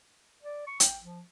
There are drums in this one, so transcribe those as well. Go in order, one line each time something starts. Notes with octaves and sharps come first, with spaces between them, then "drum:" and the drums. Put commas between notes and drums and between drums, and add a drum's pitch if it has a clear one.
D5
C#6
G5, drum: hi-hat
F3